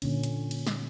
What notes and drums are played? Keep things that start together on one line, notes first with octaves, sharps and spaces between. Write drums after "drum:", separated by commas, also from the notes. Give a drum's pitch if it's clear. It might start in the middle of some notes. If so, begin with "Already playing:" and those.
A#2 D3 C#4, drum: cymbal
drum: hi-hat
drum: cymbal
drum: snare